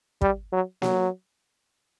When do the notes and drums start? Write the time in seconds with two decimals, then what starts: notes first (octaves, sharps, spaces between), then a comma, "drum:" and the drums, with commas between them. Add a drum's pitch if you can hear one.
0.21 G3, drum: kick
0.52 F#3
0.82 F#3, drum: snare A#3